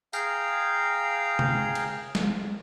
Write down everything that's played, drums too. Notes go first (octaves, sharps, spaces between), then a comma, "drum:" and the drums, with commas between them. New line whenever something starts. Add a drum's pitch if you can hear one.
G#4 F5 G5 A#5, drum: tambourine
drum: tom C3
drum: cymbal
drum: snare